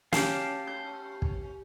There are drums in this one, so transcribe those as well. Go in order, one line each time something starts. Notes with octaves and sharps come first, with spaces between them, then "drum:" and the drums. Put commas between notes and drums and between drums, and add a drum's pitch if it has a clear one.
C#4 G4 F5 A5 D6, drum: snare
G6
drum: kick